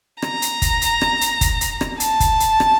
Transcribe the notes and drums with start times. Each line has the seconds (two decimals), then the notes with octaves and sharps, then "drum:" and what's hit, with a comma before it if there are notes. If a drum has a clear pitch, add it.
0.22 A#5, drum: rim click
0.42 drum: hi-hat
0.62 drum: kick, hi-hat
0.82 drum: hi-hat
1.01 drum: rim click
1.21 drum: hi-hat
1.41 drum: kick, hi-hat
1.61 drum: hi-hat
1.81 drum: rim click
2.00 A5, drum: hi-hat
2.20 drum: kick, hi-hat
2.40 drum: hi-hat
2.60 drum: rim click